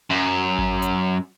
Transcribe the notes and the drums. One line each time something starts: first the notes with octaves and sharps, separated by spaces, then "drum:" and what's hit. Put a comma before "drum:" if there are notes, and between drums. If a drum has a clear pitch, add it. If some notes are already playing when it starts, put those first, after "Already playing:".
F#2
drum: kick G#1
drum: hi-hat